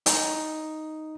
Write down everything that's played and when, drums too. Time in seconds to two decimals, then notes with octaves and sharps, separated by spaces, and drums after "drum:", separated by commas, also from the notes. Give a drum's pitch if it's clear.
0.06 D#4, drum: hi-hat